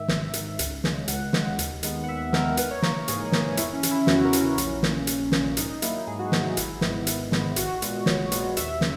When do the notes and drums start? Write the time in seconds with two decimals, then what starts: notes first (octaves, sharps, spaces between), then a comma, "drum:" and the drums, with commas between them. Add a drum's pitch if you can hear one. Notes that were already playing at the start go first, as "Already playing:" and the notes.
Already playing: G#2 D#3 E5
0.08 G#1, drum: snare
0.33 G#2 D#3, drum: hi-hat
0.59 C#2, drum: hi-hat
0.84 C#3 G#3, drum: snare
1.08 C#2 F#5, drum: hi-hat
1.33 C#3 G#3, drum: snare
1.59 D#2, drum: hi-hat
1.83 D#3 G#3 B3, drum: hi-hat
2.03 F#5
2.08 D#2 E5
2.33 D#3 G#3 B3 A#4, drum: snare
2.57 G#2 B4, drum: hi-hat
2.71 C#5
2.82 E3 A#3 A#4, drum: snare
3.08 G#2 G#4, drum: hi-hat
3.25 G#4
3.32 E3 A#3, drum: snare
3.41 G#4
3.57 E2 E4, drum: hi-hat
3.74 C#4
3.83 C#3 E3, drum: hi-hat
3.91 E4
4.07 E2 F#4, drum: snare
4.25 A#4
4.33 C#3 E3, drum: hi-hat
4.41 C#4
4.58 A#1, drum: hi-hat
4.83 A#2 A#3, drum: snare
5.07 A#1, drum: hi-hat
5.32 A#2 A#3, drum: snare
5.57 G#2 D#4, drum: hi-hat
5.70 D#4
5.82 F#3 A#3 E4, drum: hi-hat
6.07 G#2 G#4
6.19 F#4
6.32 F#3 A#3 D#4, drum: snare
6.44 D#4
6.57 G#1 E4, drum: hi-hat
6.81 G#2 D#3 G#3 B3, drum: snare
7.07 G#1, drum: hi-hat
7.32 G#2 D#3 G#3 B3, drum: snare
7.56 A#1 F#4, drum: hi-hat
7.82 A#2 G#3 B3, drum: hi-hat
8.06 A#1 C#5, drum: snare
8.32 A#2 G#3 B3, drum: hi-hat
8.57 D#2 E5, drum: hi-hat
8.81 C#3, drum: snare